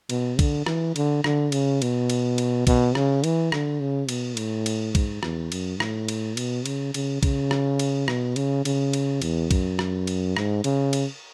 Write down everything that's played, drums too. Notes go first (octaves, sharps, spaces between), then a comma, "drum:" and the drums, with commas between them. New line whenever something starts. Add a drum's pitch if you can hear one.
B2, drum: cymbal
D3, drum: kick B1, cymbal
E3, drum: rim click
D3, drum: cymbal
D3, drum: rim click
C#3, drum: cymbal
B2, drum: cymbal
drum: cymbal
drum: cymbal
B2, drum: kick B1, cymbal
C#3, drum: rim click
E3, drum: cymbal
D3, drum: rim click
C#3
B2, drum: cymbal
A2, drum: cymbal
drum: cymbal
G#2, drum: kick B1, cymbal
E2, drum: rim click
F#2, drum: cymbal
A2, drum: rim click
drum: cymbal
B2, drum: cymbal
C#3, drum: cymbal
C#3, drum: cymbal
C#3, drum: kick B1, cymbal
drum: rim click
drum: cymbal
B2, drum: rim click
C#3, drum: cymbal
C#3, drum: cymbal
drum: cymbal
E2, drum: cymbal
F#2, drum: kick B1, cymbal
drum: rim click
drum: cymbal
G#2, drum: rim click
C#3, drum: cymbal
drum: cymbal